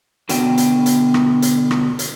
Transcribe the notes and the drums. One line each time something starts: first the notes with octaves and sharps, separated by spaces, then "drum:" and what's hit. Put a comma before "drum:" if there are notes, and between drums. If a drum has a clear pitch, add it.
B2 D3 B3 F#4 G5, drum: hi-hat
drum: hi-hat
drum: hi-hat
drum: rim click
drum: hi-hat
drum: rim click
drum: hi-hat